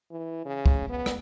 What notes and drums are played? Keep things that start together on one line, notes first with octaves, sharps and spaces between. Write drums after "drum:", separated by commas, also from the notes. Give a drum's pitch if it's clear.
E3
C#3
drum: kick
B3
drum: rim click